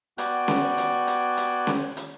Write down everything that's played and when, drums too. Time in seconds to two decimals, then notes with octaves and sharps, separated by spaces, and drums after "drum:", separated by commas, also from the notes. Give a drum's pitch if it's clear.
0.18 B3 F#4 D5 G5 G#5 F#6, drum: hi-hat
0.48 drum: snare C#4
0.78 drum: hi-hat
1.07 drum: hi-hat
1.37 drum: hi-hat
1.67 drum: snare C#4
1.97 drum: hi-hat